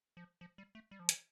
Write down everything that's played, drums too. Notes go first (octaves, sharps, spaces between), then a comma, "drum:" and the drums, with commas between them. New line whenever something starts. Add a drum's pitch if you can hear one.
F3
F3
G3
A3
G3
F3
E3, drum: hi-hat